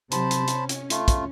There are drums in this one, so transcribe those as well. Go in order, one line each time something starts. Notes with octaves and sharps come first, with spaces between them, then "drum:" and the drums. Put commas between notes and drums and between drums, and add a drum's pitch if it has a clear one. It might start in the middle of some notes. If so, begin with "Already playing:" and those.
C3 F#3 C5 A5 B5, drum: hi-hat
drum: hi-hat
C#4, drum: hi-hat
drum: hi-hat
A3 F4, drum: hi-hat
drum: kick, hi-hat